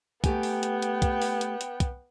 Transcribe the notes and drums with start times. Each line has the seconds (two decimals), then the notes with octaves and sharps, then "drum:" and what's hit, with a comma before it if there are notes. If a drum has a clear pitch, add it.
0.24 A3 B3 G4 G5 G#5, drum: kick, hi-hat
0.43 drum: open hi-hat
0.63 drum: hi-hat
0.82 drum: hi-hat
1.02 drum: kick, hi-hat
1.22 drum: open hi-hat
1.41 drum: hi-hat
1.61 drum: hi-hat
1.80 drum: kick, hi-hat